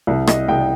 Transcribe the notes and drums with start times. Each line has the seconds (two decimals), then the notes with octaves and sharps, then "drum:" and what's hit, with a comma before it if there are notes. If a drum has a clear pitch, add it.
0.07 C2
0.27 D#5, drum: rim click
0.48 C2 G5